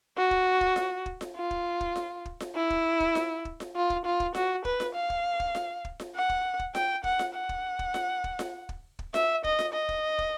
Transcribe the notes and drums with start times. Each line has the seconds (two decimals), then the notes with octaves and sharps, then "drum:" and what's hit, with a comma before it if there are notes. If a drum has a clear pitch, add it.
0.17 F#4
0.31 drum: kick
0.61 drum: kick
0.76 drum: snare F4
1.06 drum: kick
1.21 drum: snare F4
1.36 F4
1.51 drum: kick
1.81 drum: kick
1.96 drum: snare F4
2.25 drum: kick
2.40 drum: snare F4
2.55 E4
2.70 drum: kick
3.00 drum: kick
3.15 drum: snare F4
3.45 drum: kick
3.60 drum: snare F4
3.75 F4
3.90 drum: kick
4.05 F4
4.20 drum: kick
4.35 F#4, drum: snare F4
4.65 B4, drum: kick
4.80 drum: snare F4
4.95 F5
5.10 drum: kick
5.40 drum: kick
5.55 drum: snare F4
5.85 drum: kick
6.00 drum: snare F4
6.15 F#5
6.29 drum: kick
6.59 drum: kick
6.75 G5, drum: snare F4
7.04 F#5, drum: kick
7.19 drum: snare F4
7.35 F#5
7.49 drum: kick
7.79 drum: kick
7.94 drum: snare F4
8.24 drum: kick
8.39 drum: snare F4
8.69 drum: kick
8.99 drum: kick
9.14 E5, drum: snare F4
9.44 D#5, drum: kick
9.59 drum: snare F4
9.73 D#5
9.89 drum: kick
10.19 drum: kick